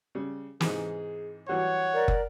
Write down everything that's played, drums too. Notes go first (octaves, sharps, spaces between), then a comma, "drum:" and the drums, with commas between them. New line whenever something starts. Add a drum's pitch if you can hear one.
C#3 G3
G#2 C3 E3 G#4, drum: snare
E3 F#3 G3 C#5 F#5
A#4 D5
drum: kick